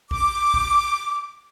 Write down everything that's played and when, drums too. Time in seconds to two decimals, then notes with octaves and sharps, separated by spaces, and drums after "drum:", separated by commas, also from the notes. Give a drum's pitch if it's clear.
0.11 D6, drum: kick A#1
0.54 drum: kick A#1